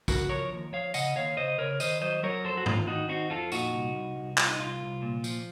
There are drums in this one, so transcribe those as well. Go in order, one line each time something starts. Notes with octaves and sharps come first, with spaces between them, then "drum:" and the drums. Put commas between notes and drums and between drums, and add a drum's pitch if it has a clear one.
C#3 F#4 A#4, drum: kick, tambourine
F3 A#4 C#5
D#2
F3 C#5 F5
C#3 D#5 F#5, drum: tambourine
D#2 C#5 F5
C#3 C5 D#5
C#3 A#4 C#5
D#3 C5 D#5, drum: tambourine
F#3 C5 D#5
F#3 A#4 C#5
F2 A4 C5
F#4
D#3 F4, drum: tom G#2
D#3 D#4 F#4
C4 D#4 F#4
F2 F4 A4
A#2 D#4 F#4, drum: tambourine
C2
C2
C2
C2 F4, drum: clap
D#4
C2 F4
C2
A#2
F3, drum: tambourine